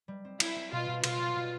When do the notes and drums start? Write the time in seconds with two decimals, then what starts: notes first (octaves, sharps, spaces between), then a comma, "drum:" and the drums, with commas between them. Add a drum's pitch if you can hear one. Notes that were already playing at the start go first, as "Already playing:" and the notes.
0.08 G3
0.25 C4
0.40 C4 E4, drum: cymbal
0.56 C4
0.72 B2 F4
0.88 B2
1.04 B2 F4, drum: cymbal
1.20 G3
1.36 B2